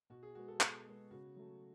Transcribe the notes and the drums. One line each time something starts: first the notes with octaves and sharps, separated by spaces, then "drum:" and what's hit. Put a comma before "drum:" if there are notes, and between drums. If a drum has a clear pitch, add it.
B2 F#4
G#4
G#3 B3 F#4
A4
B2, drum: clap
G#3 B3
C#3 F#4
F#3 A3